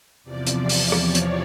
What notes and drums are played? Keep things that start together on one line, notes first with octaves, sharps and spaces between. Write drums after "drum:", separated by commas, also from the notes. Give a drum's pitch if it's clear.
E2 C3 F3 D5
drum: hi-hat
drum: open hi-hat
C#5, drum: rim click
drum: hi-hat